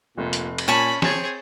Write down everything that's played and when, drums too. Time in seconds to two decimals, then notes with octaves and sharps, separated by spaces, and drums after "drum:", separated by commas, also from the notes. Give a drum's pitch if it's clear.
0.18 F1 A#2
0.33 drum: hi-hat
0.58 drum: cymbal
0.68 A#2 C#4 G#5 A5 B5 C#6
1.02 C4 G#4 C#5 A6 E7, drum: snare